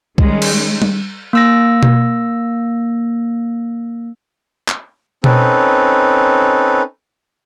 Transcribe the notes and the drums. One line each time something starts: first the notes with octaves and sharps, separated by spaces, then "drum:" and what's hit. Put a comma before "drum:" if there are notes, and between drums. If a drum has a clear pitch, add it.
D#3 G3 G#3 C#4, drum: kick C2
drum: cymbal
drum: tom G3
A#3 E6 A#6
drum: tom B2
drum: clap
C4 C#4 D#4 A4 B4, drum: tom B2